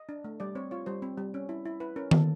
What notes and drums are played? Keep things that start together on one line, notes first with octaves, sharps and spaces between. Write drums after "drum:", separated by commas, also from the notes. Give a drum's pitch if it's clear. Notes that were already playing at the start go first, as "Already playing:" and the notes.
Already playing: D#5
D4
A3
G3 D5
C4 C#5
F4 C#5
G3 C5
C4
G3
C#4
E4
E4
E4 B4
C#4 A#4
A#3 A4, drum: tom D#3